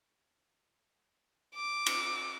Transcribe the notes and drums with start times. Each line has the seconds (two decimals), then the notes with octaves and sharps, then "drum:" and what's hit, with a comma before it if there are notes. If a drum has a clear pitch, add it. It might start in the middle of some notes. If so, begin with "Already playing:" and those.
1.55 D6
1.86 drum: cymbal